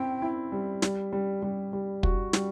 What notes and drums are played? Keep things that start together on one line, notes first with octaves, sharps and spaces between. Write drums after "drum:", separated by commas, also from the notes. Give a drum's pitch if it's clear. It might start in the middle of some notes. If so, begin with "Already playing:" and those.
Already playing: C4 E4 G5
E4
G3
G3, drum: snare
G3
G3
G3
F#4, drum: kick
G3, drum: snare